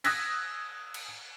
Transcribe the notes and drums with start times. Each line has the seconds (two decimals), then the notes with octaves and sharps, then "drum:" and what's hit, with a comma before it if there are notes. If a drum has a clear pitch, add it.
0.04 D#6 E6 F#6 G#6 A#6 B6, drum: cymbal
0.94 drum: cymbal